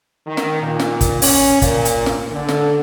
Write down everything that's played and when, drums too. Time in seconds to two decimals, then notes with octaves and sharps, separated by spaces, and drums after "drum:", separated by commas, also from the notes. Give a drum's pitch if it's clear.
0.26 D#3
0.37 drum: snare
0.61 A#2
0.80 drum: snare
1.01 drum: kick, hi-hat
1.22 C#4, drum: open hi-hat
1.62 A#2, drum: kick, hi-hat
1.85 drum: hi-hat
2.06 drum: snare
2.31 D3
2.49 drum: snare